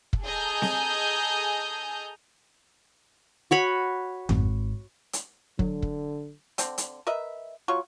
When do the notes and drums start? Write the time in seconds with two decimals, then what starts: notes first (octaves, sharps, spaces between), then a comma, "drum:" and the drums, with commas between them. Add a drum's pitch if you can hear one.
0.13 drum: kick
0.23 G#4 A4 D#5 G#5 A#5 G6
0.62 drum: snare C4
3.51 F#4 C#5 B5
4.29 G#1, drum: tom F2
5.13 drum: hi-hat
5.59 D3 F#3, drum: kick
5.82 drum: kick
6.58 D3 C4, drum: hi-hat
6.78 drum: hi-hat
7.07 A#4 B4 D#5 E5
7.68 F#3 F4 C#6